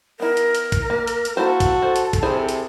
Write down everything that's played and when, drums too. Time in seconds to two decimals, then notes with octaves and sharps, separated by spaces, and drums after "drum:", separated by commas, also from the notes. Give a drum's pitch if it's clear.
0.20 B3 E4 A#4
0.37 drum: hi-hat
0.55 drum: hi-hat
0.72 drum: kick, hi-hat
0.90 A#3
1.07 drum: hi-hat
1.25 drum: hi-hat
1.37 A#3 E4 F#4 A4 C5
1.60 drum: kick, hi-hat
1.82 C5
1.96 drum: hi-hat
2.13 drum: kick, hi-hat
2.23 C3 E4 G#4 C5
2.49 drum: hi-hat